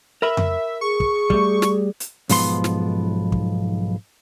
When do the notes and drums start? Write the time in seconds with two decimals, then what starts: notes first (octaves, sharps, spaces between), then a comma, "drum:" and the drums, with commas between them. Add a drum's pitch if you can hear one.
0.22 A#4 E5 B5
0.37 drum: tom F2
0.81 G#4 C#6
1.00 drum: kick
1.30 G3 A3, drum: kick
1.62 drum: snare
2.00 drum: hi-hat
2.30 B1 G#2 F3 B3 C6, drum: open hi-hat
2.64 drum: snare
3.32 drum: kick